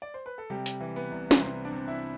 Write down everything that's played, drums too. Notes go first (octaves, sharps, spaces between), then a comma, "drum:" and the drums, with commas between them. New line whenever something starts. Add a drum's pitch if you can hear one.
D5
C5
B4
A4
C3 G3 G4
drum: hi-hat
E3
B3 B4
C2
drum: snare
C2 C4 C5
D4 D5
C3
E4 E5